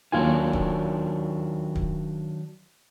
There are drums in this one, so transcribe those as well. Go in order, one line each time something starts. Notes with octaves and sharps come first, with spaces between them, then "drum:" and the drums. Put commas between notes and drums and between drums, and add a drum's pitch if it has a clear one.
D#2 D#3 F#3 D4 F4 G#5
drum: kick
drum: kick